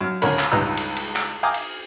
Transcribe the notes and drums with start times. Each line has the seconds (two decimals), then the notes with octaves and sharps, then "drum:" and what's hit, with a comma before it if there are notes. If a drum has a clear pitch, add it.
0.01 F#2 F6
0.22 C#2 D3 C#4 A#4 B5, drum: cymbal
0.39 drum: clap
0.52 C#2 G2 D#4 B4 A#5 E6
0.77 drum: cymbal
0.96 drum: cymbal
1.16 drum: clap
1.43 F5 G5 G#5 A#5 D6 D#6
1.54 drum: cymbal